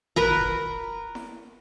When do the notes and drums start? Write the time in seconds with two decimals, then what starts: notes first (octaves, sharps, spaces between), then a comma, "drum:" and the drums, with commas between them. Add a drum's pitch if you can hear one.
0.16 A#4 B4 A#5, drum: tom
0.41 drum: kick D#1
1.15 drum: snare E4